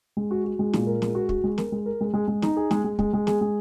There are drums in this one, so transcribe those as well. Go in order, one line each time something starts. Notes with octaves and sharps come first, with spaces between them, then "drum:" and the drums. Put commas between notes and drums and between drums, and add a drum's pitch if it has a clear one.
G#3
F#4
F#4
G#3
A#2, drum: snare
A#4
G#3, drum: snare
F#4
F#4, drum: kick
G#3
A#4, drum: snare
G#3
A#4
G#3
G#3
G#3
D#4, drum: snare
G#4
G#3, drum: snare
G#3
G#3, drum: kick
G#3
G#4, drum: snare
G#3